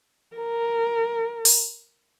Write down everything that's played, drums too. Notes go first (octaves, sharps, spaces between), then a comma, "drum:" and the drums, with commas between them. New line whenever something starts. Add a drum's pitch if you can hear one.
A#4
drum: open hi-hat